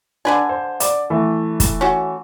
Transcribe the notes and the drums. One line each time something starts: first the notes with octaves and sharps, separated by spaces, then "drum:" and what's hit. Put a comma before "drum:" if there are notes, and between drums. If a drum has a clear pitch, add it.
D3 D4 B4 G#5
C5
D5, drum: hi-hat
E3 A3
drum: kick, hi-hat
C#4 F#4